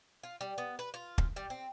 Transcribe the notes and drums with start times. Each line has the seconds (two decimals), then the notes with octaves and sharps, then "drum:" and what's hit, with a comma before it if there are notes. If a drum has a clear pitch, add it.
0.23 F4
0.41 G3
0.58 B3
0.79 B4
0.94 F4
1.18 drum: kick
1.36 G3
1.50 C4